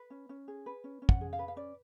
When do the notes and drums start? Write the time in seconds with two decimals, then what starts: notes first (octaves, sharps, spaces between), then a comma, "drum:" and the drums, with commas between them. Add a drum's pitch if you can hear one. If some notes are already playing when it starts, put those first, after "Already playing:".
Already playing: B4
0.10 C#4
0.29 C#4
0.48 G#4
0.66 B4
0.84 C#4
1.02 C#4
1.09 F#5, drum: kick
1.21 G#4
1.33 F5
1.39 B4
1.48 F5
1.56 C#4 D5